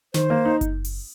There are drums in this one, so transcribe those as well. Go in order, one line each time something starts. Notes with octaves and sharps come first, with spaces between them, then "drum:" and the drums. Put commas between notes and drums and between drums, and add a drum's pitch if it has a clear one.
D#3 C5, drum: snare
A#3
D#4
drum: kick F#1, hi-hat
drum: open hi-hat